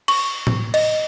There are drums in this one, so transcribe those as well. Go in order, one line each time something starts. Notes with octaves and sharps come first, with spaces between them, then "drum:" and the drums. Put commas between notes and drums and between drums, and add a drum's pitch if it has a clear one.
C#6, drum: cymbal
drum: tom A2
D#5, drum: cymbal